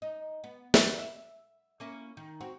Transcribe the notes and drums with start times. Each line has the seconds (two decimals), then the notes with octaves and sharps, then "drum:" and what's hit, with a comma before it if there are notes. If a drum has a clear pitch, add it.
0.02 D#4
0.44 B3
0.74 drum: snare
0.99 E5
1.80 A#3 C#4 E4
2.17 D#3
2.41 C4 F#4